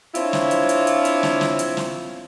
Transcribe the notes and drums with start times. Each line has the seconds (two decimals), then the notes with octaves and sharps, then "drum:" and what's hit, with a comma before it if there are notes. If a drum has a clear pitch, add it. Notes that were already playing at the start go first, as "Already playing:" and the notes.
0.15 C4 D4 E4 F4 C#5, drum: hi-hat
0.33 drum: snare
0.51 drum: hi-hat
0.69 drum: hi-hat
0.87 drum: hi-hat
1.05 drum: hi-hat
1.23 drum: snare
1.41 drum: snare
1.59 drum: hi-hat
1.77 drum: snare